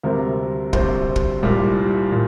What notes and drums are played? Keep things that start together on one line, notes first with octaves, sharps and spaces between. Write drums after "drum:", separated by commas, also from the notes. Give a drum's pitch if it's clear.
D2 C3 G3 C4 A#4
D2 C3 G3 C4 C5, drum: kick
drum: kick
C2 A#2 G3
A#2